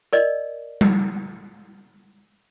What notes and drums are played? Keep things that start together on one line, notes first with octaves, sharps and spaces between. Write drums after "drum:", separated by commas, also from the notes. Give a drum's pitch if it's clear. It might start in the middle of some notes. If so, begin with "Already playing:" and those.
A#4 D5 D#5
drum: tom G3